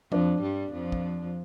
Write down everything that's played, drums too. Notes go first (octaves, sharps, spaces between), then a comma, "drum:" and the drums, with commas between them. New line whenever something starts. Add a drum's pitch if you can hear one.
F2 F3 D4, drum: tom
G2 G3
F2 F3
drum: kick